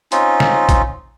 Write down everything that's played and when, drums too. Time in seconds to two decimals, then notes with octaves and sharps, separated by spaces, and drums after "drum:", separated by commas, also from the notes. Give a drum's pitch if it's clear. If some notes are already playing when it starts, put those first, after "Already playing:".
0.12 C4 C#4 D#4 F4, drum: hi-hat
0.40 drum: snare
0.69 drum: kick, hi-hat